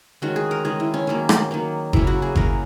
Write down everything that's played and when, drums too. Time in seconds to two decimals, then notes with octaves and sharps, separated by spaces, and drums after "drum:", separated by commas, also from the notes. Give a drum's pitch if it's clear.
0.22 D#3 G#3 C#4 F#4
0.36 G#4
0.51 A#4
0.65 D#3 G#3 C#4 G#4
0.80 E4
0.94 C#4
1.07 D#3 F#3 A#3
1.29 drum: rim click
1.51 D#3 F#3 A#3
1.93 C#3 F#3 A#3 C#4 E4, drum: kick G1
2.07 F#4
2.22 G#4
2.35 C#3 F#3 A#3 C#4 A#4, drum: kick G1